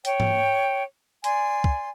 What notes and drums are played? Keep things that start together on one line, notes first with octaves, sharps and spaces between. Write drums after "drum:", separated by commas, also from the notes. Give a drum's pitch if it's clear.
C#5 G5, drum: hi-hat
drum: tom
D5 G#5 C6, drum: hi-hat
drum: kick